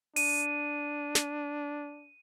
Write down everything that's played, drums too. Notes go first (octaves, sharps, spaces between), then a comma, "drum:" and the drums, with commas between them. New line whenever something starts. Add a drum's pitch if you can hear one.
D4 D#7, drum: open hi-hat
drum: snare